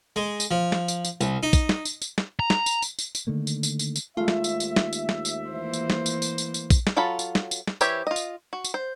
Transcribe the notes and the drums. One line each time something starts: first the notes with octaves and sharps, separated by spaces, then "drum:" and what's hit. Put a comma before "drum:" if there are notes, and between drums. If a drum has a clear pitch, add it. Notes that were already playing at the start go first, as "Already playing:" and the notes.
G#3
drum: tambourine
F3
drum: snare
drum: tambourine
drum: tambourine
C2, drum: tambourine
D#4
drum: kick, tambourine
drum: snare
drum: tambourine
drum: tambourine
drum: snare
A#5
drum: snare
drum: tambourine
drum: tambourine
drum: tambourine
drum: tambourine
D3 D#3 A3 A#3
drum: tambourine
drum: tambourine
drum: tambourine
drum: tambourine
D#2 G#3 A3 F4 E5
drum: snare
drum: tambourine
drum: tambourine
drum: snare
drum: tambourine
drum: snare
drum: tambourine
E3 A#3 C5
drum: tambourine
drum: snare
drum: tambourine
drum: tambourine
drum: tambourine
drum: tambourine
drum: kick, tambourine
drum: snare
F#3 F4 A4 A5 B5
drum: tambourine
drum: snare
drum: tambourine
drum: snare
E3 G4 C5 C#5 E5, drum: tambourine
F4 D#5
drum: tambourine
F#4
drum: tambourine
C5